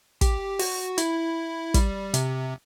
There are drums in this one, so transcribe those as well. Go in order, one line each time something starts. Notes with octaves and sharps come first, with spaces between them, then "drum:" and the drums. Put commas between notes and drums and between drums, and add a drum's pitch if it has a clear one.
G4, drum: kick, hi-hat
F#4, drum: open hi-hat
E4, drum: hi-hat
G3, drum: kick, hi-hat
C3, drum: hi-hat